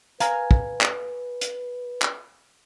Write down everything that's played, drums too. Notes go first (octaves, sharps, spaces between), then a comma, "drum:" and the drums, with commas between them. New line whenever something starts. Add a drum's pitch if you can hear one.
B4 F5 G#5 A#5, drum: hi-hat
drum: kick
drum: clap
drum: hi-hat
drum: clap